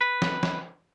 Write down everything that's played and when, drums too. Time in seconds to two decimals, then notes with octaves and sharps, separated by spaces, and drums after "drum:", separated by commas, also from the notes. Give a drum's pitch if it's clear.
0.01 B4
0.22 drum: snare
0.43 drum: snare